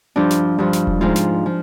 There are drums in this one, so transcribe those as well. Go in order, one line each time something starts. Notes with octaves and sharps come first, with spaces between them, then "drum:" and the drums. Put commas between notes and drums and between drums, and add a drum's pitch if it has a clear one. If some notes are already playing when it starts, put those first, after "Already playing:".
G2 F3 D4
drum: snare
G2 F3
drum: snare
drum: kick E1
G#2 F3 F4
drum: snare
F3